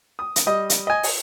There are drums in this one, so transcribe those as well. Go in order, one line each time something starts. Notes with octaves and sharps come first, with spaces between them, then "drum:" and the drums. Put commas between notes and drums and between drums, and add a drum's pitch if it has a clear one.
D#6
drum: hi-hat
G3 D#5
drum: hi-hat
D#5 G#5
drum: open hi-hat